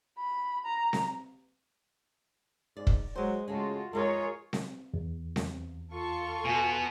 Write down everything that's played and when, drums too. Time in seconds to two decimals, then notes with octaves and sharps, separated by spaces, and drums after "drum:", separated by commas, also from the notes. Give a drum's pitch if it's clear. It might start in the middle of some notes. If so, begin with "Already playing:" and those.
0.18 B5
0.65 A#5
0.93 drum: snare C4
2.77 G#2 D5
2.87 drum: kick
3.16 F#3 G#3 C5
3.48 C#3 G#3 A3 F4 F#4
3.93 G#3 D#4 F4 G#4 A#4 B4 C#5
4.53 drum: snare C4
4.94 E2
5.36 drum: snare C4
5.93 F4 A4 C#6
6.45 B2 B3 G#5